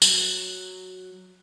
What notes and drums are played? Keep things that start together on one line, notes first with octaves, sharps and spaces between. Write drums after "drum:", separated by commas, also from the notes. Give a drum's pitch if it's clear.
F#3, drum: tambourine